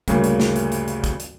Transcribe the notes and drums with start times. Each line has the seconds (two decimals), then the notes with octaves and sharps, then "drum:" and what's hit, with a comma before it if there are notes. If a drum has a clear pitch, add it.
0.08 D2 G2 A#2 C#3 A#3, drum: kick, hi-hat
0.24 drum: hi-hat
0.40 drum: snare
0.56 drum: hi-hat
0.72 drum: hi-hat
0.88 drum: hi-hat
1.04 drum: kick, hi-hat
1.20 drum: hi-hat